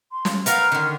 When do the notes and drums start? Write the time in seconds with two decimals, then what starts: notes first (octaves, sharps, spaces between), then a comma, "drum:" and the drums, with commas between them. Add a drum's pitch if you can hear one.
0.12 C6
0.25 drum: snare
0.46 B3 A#4 F5 F6, drum: hi-hat
0.72 D3 D#3